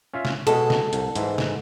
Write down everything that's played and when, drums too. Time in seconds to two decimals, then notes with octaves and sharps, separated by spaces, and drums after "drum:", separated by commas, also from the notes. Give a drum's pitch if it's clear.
0.14 C#4 F4 E5
0.25 drum: snare
0.47 B2 G#3 A4, drum: hi-hat
0.70 drum: snare
0.93 C2, drum: hi-hat
1.16 G#2 E3, drum: hi-hat
1.38 drum: snare